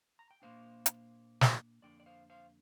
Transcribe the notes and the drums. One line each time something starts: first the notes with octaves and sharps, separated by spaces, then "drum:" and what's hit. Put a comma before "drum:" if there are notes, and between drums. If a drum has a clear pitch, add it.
A#5
G5
A#2 A#3 D4 C5 F5
drum: hi-hat
drum: snare
F2 D3 A#3 D4 D5 G5
D5
C5 F5
C5 F5